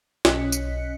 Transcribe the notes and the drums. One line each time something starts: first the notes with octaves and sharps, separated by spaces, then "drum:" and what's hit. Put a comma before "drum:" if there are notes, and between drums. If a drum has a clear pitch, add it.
B1 C#4 D#5 F#6 B6 C#7, drum: snare
drum: tambourine